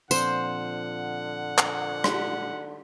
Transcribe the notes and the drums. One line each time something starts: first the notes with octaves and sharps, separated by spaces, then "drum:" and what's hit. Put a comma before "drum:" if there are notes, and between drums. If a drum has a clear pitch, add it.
A#2 D3 F3 C4 C5 F#5, drum: tambourine
drum: clap
drum: rim click